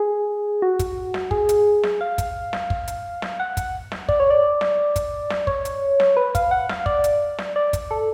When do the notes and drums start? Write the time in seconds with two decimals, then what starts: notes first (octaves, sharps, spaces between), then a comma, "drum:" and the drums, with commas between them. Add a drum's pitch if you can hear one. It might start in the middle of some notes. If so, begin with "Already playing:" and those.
Already playing: G#4
0.62 F#4
0.79 drum: kick, hi-hat
1.14 drum: snare
1.31 G#4, drum: kick
1.49 drum: hi-hat
1.83 drum: snare
2.01 F5
2.18 drum: kick, hi-hat
2.53 drum: snare
2.70 drum: kick
2.88 drum: hi-hat
3.22 drum: snare
3.40 F#5
3.57 drum: kick, hi-hat
3.92 drum: snare
4.09 D5, drum: kick
4.20 C#5
4.30 D5
4.61 drum: snare
4.96 drum: kick, hi-hat
5.30 drum: snare
5.47 C#5, drum: kick
5.65 drum: hi-hat
6.00 drum: snare
6.17 B4
6.35 F5, drum: kick, hi-hat
6.51 F#5
6.69 F5, drum: snare
6.86 D5, drum: kick
7.04 drum: hi-hat
7.39 drum: snare
7.56 D5
7.73 drum: kick, hi-hat
7.91 A4